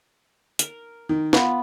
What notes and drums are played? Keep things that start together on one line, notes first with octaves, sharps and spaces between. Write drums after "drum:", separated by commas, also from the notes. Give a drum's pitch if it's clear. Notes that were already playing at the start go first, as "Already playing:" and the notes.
A#4, drum: hi-hat
D#3
B3 F4, drum: snare